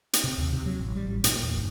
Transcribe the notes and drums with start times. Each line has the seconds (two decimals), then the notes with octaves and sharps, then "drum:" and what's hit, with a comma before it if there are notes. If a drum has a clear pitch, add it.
0.13 drum: hi-hat
0.24 C3
0.38 D#2
0.52 C3
0.66 F#3
0.79 A1
0.95 G3
1.07 A1
1.24 A#2, drum: hi-hat
1.42 E2
1.57 G1